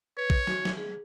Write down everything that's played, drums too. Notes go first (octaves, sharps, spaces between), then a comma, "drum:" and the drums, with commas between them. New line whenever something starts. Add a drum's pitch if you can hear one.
B4 C#5
drum: kick A#1
F#4, drum: snare
drum: snare
G#4